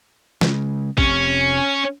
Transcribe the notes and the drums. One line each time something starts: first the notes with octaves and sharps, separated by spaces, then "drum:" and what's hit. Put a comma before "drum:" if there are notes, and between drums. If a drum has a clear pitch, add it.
C#3 G#3, drum: snare
F1 C3 C#4, drum: kick A1